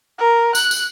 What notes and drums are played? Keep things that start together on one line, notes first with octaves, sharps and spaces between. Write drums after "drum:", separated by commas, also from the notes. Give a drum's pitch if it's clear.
A#4
F#6, drum: tambourine
drum: tambourine